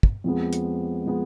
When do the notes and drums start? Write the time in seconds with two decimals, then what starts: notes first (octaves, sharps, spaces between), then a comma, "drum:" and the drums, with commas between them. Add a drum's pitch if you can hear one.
0.03 drum: kick
0.24 F2 F3 G#3 B3
0.53 drum: hi-hat
1.06 F3 G#3 B3